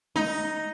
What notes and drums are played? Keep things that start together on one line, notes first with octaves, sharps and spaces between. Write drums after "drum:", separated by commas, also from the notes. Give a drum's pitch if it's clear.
D#4, drum: tom G3